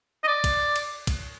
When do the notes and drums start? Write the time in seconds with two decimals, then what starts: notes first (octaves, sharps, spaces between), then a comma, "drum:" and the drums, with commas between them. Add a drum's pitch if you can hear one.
0.24 D#5
0.28 D5
0.44 drum: kick, cymbal
0.76 drum: cymbal
1.07 drum: kick, cymbal